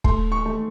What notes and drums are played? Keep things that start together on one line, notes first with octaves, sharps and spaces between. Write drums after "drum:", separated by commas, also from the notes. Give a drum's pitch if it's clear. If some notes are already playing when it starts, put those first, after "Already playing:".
A3 C6, drum: kick
C#6
A3